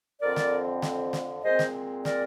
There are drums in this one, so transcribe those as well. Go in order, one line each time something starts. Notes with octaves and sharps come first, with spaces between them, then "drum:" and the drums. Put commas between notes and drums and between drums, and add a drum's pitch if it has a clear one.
F2 D3 F3 C4 A#4 D5
drum: snare
drum: snare
drum: snare
A#2 G#3 C4 C5 D#5
drum: snare
A#4 D5, drum: snare